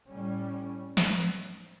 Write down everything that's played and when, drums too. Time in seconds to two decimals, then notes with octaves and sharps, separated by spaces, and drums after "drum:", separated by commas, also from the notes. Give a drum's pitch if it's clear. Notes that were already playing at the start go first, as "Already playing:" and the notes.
0.11 A2 G3 C#4
0.97 drum: snare